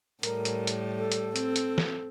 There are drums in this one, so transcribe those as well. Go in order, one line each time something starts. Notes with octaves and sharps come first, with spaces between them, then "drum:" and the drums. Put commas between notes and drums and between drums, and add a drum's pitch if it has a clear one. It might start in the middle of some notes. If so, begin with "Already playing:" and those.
A2 G3 A#4, drum: hi-hat
drum: hi-hat
drum: hi-hat
A4
drum: hi-hat
C4, drum: hi-hat
drum: hi-hat
drum: snare